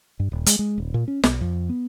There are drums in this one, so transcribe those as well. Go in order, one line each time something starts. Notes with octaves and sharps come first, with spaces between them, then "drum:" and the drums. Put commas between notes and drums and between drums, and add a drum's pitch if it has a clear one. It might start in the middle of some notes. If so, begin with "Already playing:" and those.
G2
D#1
G#3, drum: hi-hat
G#3
D#1
A#2
C#4
B1, drum: snare
F2
B3